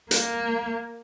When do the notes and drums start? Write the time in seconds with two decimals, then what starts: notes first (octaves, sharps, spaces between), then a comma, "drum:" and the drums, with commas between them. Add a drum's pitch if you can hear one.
0.11 A#3, drum: hi-hat